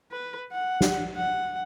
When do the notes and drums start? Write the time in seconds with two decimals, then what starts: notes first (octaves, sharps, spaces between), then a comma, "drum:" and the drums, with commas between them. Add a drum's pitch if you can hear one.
0.12 B4
0.52 F#5
0.81 drum: snare
1.16 F#5